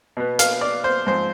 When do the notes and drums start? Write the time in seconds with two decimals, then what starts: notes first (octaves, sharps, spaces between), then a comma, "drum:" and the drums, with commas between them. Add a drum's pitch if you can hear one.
0.17 B2 B3
0.39 F5, drum: hi-hat
0.61 D5
0.84 C5
1.07 G#2 F3 C4 C5